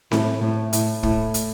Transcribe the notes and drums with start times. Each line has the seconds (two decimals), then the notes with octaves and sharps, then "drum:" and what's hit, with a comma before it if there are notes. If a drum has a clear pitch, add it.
0.11 A2, drum: snare C4
0.41 A2
0.73 A2, drum: hi-hat
1.03 A2, drum: kick
1.34 drum: hi-hat